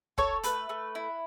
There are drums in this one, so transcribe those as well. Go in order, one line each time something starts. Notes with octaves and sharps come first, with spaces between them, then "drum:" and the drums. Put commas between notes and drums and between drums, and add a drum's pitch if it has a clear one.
A4 C#5, drum: kick
A3 B4, drum: hi-hat
A3
E4